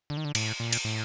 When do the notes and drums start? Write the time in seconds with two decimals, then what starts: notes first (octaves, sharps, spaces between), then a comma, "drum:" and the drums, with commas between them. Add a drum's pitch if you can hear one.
0.10 D3
0.17 D#3
0.25 D3
0.35 A2, drum: cymbal
0.60 A#2
0.73 drum: cymbal
0.85 A2